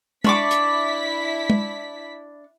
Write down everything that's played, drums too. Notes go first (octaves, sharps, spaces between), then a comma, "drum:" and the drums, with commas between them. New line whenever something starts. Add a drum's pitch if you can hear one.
D4 E4 C#6 D6 B6, drum: tom G#3
drum: hi-hat
drum: tom G#3